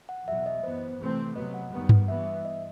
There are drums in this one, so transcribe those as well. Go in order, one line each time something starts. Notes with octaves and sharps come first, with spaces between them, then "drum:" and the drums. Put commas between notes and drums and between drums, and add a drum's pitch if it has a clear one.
F#5
E2 B2 F#3 E5
D#5
F#2 E3 B3 C5
C3 E3 A3 C4
C3 F#3 B3 D#5
F#5
F#2 D#3 G3 B3
drum: tom G2
G2 E3 B3 E5
E5
D#5